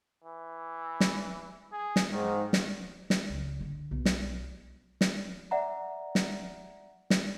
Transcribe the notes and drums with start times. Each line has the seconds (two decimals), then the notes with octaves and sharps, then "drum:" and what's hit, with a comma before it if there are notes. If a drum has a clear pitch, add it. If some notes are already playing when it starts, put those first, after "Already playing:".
0.24 E3
1.00 drum: snare
1.72 G#4
1.96 drum: snare
2.12 G#2 D#3
2.53 drum: snare
3.10 drum: snare
3.29 C#2
3.61 D3
3.91 B1
4.05 drum: snare
5.01 drum: snare
5.51 D5 E5 F#5 A#5
6.15 drum: snare
7.10 drum: snare